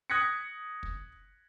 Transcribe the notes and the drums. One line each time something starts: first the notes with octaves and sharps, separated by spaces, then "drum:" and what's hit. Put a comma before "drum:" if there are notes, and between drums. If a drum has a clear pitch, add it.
D#6 F#6 G#6 A#6 B6 C#7
drum: kick